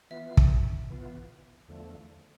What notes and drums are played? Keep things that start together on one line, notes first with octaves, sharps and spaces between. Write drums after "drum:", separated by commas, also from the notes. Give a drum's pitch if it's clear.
E3 B3 F4 E5
drum: kick
E3 B3 F4
E2 D3 F3 A3